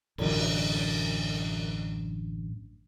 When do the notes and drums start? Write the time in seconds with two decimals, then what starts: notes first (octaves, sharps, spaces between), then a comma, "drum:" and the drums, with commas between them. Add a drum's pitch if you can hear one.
0.18 A1 F#2 D3, drum: cymbal